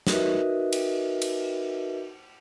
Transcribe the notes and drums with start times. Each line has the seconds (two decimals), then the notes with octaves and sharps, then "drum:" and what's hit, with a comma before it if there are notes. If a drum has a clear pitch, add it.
0.07 D#4 F#4 A#4 B4 D#5 E5, drum: snare
0.72 drum: cymbal
1.22 drum: cymbal